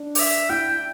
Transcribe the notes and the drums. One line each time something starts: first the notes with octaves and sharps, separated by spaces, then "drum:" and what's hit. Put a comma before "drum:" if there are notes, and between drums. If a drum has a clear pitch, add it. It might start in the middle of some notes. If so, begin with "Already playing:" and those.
Already playing: D4
D5, drum: open hi-hat
E5
E4 G5